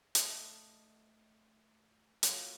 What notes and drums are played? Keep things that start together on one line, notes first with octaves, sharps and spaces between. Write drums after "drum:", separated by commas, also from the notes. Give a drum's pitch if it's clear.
A3 D#5 F5, drum: hi-hat
F#3 A#3 F4 F5, drum: hi-hat